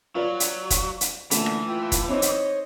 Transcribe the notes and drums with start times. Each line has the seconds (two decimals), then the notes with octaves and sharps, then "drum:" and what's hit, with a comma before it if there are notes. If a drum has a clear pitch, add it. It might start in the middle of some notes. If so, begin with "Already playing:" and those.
0.15 F#3 F4 B4 D5
0.40 drum: hi-hat
0.70 drum: kick E1, hi-hat
1.01 drum: hi-hat
1.31 A#2 D3 E3 A3 C#4, drum: hi-hat
1.46 drum: rim click
1.68 F4 E5 G5
1.92 drum: kick E1, hi-hat
2.09 C4 D#4 C5 C#5 D#5
2.22 drum: hi-hat